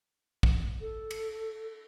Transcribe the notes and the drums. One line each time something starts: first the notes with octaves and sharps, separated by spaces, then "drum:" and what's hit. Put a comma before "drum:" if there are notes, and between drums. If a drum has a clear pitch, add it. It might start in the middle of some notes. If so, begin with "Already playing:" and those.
drum: kick
A4
drum: cymbal